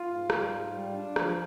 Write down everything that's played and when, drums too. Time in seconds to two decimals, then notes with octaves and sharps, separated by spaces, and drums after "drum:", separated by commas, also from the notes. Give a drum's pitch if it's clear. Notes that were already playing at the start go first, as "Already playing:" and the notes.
Already playing: F4
0.09 G#2
0.30 G3, drum: rim click
0.52 G#2
0.73 G3
0.94 D4
1.16 F3, drum: rim click